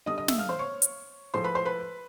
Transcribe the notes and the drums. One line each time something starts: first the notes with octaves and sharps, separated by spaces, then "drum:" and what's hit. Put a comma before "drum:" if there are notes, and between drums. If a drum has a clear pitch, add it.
D3 G3 D#5 D#6
D#5 D#6
E5 E6, drum: snare
F5 F6
C5 C6
C#5 C#6
drum: hi-hat
A2 F3 G#3 C5 C6
B4 B5
C5 C6
B4 B5